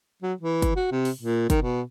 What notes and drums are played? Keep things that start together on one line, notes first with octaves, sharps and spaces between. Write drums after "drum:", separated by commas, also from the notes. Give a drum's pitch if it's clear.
F#3
E3
drum: kick, hi-hat
F#4
C3
drum: open hi-hat
A#2
D#3, drum: kick, hi-hat
B2